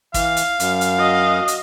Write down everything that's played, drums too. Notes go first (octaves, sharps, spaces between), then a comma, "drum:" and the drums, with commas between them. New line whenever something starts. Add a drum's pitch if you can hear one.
E3 F5, drum: kick, hi-hat
drum: hi-hat
F#2, drum: hi-hat
drum: hi-hat
F#4 D#5
drum: hi-hat